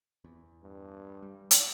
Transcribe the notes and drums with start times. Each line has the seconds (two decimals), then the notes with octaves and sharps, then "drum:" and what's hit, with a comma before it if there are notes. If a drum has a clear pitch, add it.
0.24 E2
0.63 G2
1.22 G3
1.51 drum: hi-hat